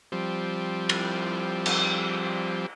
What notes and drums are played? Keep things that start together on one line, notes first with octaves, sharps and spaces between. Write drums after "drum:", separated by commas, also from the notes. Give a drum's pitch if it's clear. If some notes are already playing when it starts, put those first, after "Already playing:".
F3 G3 C4
drum: cymbal
drum: cymbal